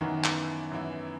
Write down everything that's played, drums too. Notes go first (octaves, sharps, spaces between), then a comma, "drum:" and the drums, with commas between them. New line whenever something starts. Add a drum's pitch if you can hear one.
F#2 D#3 E3 B3 E4
drum: clap
F#2 E3 B3 E4